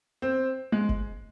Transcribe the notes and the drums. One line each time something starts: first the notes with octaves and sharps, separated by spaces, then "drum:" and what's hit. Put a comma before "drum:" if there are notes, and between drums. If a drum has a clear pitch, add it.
C4
G#3
drum: kick F#1